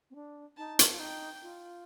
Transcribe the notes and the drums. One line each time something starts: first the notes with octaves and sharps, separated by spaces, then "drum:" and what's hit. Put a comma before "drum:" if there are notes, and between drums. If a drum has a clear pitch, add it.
C4
D4
D#4 A5
drum: hi-hat
F4
D#4 G5
F4